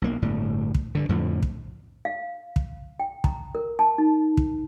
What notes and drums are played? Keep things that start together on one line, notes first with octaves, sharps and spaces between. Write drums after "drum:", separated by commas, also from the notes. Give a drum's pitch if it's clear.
B1 A#3
G1 A2 G3
drum: kick
G2 D3
F2 A2 D3 F3
drum: kick
F5
drum: kick
G5
A#5, drum: kick
A#4
A5
D#4
drum: kick